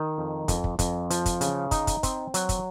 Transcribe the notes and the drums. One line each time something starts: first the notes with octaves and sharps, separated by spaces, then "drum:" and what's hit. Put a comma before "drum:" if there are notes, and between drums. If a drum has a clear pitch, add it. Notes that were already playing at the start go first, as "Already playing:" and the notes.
Already playing: D#3
F2
F2, drum: kick, hi-hat
drum: kick
F2, drum: kick, hi-hat
F3, drum: hi-hat
drum: kick, hi-hat
C#3, drum: hi-hat
D#4, drum: kick, hi-hat
drum: kick, hi-hat
C4, drum: kick, hi-hat
F#3, drum: hi-hat
drum: kick, hi-hat